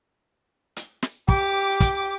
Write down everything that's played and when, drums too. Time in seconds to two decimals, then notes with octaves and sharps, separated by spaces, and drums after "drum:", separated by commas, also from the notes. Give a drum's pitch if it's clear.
0.76 drum: hi-hat
1.02 drum: snare
1.28 G4 D6, drum: kick
1.80 drum: kick, hi-hat